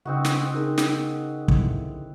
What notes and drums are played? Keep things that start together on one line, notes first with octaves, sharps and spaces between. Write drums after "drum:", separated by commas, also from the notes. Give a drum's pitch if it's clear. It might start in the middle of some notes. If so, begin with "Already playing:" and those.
C#3 C4 D#4 F#4
drum: snare
C4
D#4 G#4 A#4
drum: snare
B3
B2 D3 E4, drum: kick